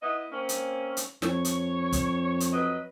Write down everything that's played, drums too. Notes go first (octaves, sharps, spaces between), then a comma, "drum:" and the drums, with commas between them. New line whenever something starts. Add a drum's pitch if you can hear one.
B3 E4 D#5
A#3 C4 C#4
drum: hi-hat
drum: hi-hat
F2 C#5, drum: snare
drum: hi-hat
drum: kick, hi-hat
drum: hi-hat
F#3 B4 D#5